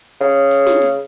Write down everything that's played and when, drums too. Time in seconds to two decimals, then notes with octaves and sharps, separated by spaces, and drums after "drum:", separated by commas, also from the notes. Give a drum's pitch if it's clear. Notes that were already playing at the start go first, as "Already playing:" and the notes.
0.21 C#3
0.51 drum: hi-hat
0.67 drum: snare
0.82 drum: hi-hat